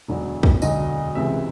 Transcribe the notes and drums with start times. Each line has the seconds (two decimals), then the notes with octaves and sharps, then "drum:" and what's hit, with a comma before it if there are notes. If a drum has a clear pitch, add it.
0.08 E1 D2 D3 F#3
0.43 drum: kick
0.62 E1 D2 D3 F#3 D#5, drum: tambourine
1.15 C#2 C3 E3 G#3 E5